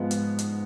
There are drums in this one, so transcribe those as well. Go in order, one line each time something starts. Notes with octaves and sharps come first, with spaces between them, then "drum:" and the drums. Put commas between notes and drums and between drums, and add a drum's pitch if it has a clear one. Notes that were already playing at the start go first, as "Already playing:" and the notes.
Already playing: G#2 F3 G#3 B3
drum: hi-hat
drum: hi-hat